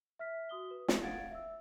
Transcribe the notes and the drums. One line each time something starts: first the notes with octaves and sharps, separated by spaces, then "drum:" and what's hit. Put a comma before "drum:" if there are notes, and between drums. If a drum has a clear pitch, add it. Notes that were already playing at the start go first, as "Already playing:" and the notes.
E5 F6 B6
F#4 D#6 G7
B4
drum: snare
F5 F#5 G#6 A6 D7
E5 E6